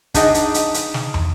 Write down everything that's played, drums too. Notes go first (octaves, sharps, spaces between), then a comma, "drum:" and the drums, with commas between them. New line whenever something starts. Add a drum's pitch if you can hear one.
D4 D#4 G#4 D#5 F#5, drum: kick, hi-hat
drum: hi-hat
drum: hi-hat
drum: hi-hat
drum: snare
drum: tom